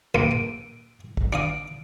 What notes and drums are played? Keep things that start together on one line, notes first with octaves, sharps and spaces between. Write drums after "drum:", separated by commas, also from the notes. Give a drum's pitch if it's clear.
A#1 A#3 C6 D7 D#7
drum: tom
drum: kick
D4 F5 D#6 D7